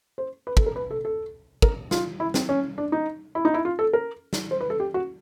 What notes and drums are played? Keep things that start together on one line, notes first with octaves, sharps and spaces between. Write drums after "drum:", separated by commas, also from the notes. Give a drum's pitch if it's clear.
C5
B4
A4, drum: kick
A#4
B4
A4
A4
A#4, drum: kick
F4, drum: snare
E4
C4, drum: snare
C#4
D4
D#4
E4
D#4
E4
F4
A4
A#4
drum: snare
C5
B4
A4
G4
F#4